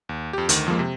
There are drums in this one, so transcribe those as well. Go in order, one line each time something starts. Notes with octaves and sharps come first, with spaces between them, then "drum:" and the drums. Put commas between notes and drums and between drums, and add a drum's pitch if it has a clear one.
D#2
F2 G4
D2 D#3, drum: hi-hat
F2 F3 G#3 A#3
C3